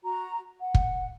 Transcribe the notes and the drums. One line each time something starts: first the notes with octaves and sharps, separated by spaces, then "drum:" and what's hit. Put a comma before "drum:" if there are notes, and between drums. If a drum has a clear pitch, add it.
F#4 A#5
F#5
drum: kick